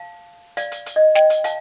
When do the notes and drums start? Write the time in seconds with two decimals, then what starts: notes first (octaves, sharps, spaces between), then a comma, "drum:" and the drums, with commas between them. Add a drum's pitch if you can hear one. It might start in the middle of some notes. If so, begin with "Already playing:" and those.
Already playing: F5 A5
0.57 D5 F5, drum: hi-hat
0.72 drum: hi-hat
0.86 drum: hi-hat
0.96 D#5
1.15 D#5 G5, drum: snare
1.30 drum: hi-hat
1.44 F5 A5, drum: hi-hat